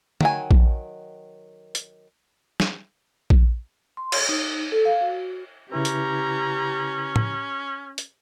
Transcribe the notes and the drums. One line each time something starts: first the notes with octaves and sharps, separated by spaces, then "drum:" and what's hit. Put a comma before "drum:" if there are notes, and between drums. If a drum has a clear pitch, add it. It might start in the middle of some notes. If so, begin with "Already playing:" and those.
D#3 F#3 G#5, drum: tom
drum: kick A#1
drum: hi-hat
drum: snare
drum: kick A#1
C6
C#5, drum: cymbal
D#4
A4
F5
F#4
C#3 C#4 E4 G4 B4 A#5
drum: hi-hat
drum: tom
drum: hi-hat